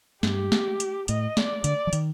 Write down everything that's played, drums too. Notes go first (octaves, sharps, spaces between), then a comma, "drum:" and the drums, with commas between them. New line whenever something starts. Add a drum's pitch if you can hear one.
G2 G4, drum: snare
drum: snare
drum: hi-hat
A2 D#5, drum: hi-hat
D5, drum: snare
D3 D5, drum: hi-hat
F3
D#3, drum: hi-hat